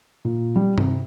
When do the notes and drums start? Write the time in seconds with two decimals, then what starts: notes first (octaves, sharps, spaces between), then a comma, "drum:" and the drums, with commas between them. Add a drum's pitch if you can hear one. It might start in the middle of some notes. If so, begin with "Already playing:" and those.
0.25 A#2
0.56 G3
0.78 C3, drum: tom G2